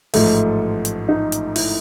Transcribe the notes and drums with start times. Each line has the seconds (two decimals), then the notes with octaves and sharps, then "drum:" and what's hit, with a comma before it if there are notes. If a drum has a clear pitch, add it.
0.14 A1 G#2 F3 A3, drum: open hi-hat
0.85 drum: hi-hat
1.09 D#4
1.32 drum: hi-hat
1.56 E4, drum: open hi-hat